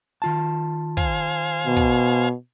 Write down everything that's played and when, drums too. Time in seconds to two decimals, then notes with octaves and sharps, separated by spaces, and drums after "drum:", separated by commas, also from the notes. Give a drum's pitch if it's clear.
0.22 D#3 F4 A5
0.97 C5 F5 G#5, drum: kick
1.67 B2
1.77 drum: kick